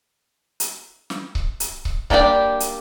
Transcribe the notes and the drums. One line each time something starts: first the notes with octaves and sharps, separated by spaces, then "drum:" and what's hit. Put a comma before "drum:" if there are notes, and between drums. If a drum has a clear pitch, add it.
drum: hi-hat
drum: snare
drum: kick C#1
drum: hi-hat
drum: kick C#1
G3 A#3 D4 G4 D5, drum: kick C#1
drum: hi-hat